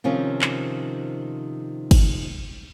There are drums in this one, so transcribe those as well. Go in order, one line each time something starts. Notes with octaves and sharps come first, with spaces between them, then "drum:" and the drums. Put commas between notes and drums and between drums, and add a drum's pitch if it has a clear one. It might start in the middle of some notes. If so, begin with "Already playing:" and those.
C3 D#3 F3 C#4
drum: clap
drum: kick, cymbal